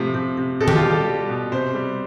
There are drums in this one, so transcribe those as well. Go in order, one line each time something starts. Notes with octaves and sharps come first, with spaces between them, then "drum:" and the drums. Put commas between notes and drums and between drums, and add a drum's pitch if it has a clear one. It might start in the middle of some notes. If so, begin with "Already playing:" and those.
Already playing: A2 C3 F3
C3
C3
B2 A4
G4, drum: tom D#3
F4
G3 G4
A4
G3
B2
C3 C5
G3